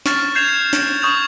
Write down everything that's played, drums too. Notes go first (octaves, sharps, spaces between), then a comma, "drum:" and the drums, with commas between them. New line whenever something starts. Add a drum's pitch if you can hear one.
C#6 F6 A6, drum: snare
G6 G#6 C7 E7 F7
drum: snare
C#6 D#6 G6 F7